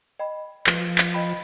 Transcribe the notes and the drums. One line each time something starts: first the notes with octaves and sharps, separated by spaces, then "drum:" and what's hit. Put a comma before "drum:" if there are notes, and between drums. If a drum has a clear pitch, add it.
D#5 G5 B5
F3 B4, drum: clap
drum: clap
D#5 G5 B5